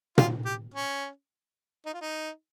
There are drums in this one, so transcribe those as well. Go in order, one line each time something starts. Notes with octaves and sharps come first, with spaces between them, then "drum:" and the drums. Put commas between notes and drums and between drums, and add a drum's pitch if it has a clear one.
F4, drum: tom A#2
G4
C#4
D#4
F4
D#4